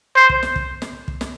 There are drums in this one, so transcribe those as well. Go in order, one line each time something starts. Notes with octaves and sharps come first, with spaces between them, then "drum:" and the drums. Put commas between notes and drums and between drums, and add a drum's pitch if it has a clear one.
C5
drum: kick
drum: snare
drum: kick
drum: snare
drum: kick
drum: snare